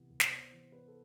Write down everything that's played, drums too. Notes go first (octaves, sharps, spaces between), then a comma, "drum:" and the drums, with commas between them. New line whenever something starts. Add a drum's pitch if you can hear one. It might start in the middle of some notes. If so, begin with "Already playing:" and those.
Already playing: C3 E3 B3
C2
D5, drum: snare
B3 C5
E3
B3 B4
A4